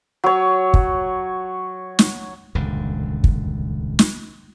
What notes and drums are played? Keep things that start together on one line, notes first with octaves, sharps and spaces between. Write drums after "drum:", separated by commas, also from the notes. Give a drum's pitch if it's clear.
F#3 C#5
drum: kick
drum: snare
D#1 C#2 F#2 D3
drum: kick
drum: snare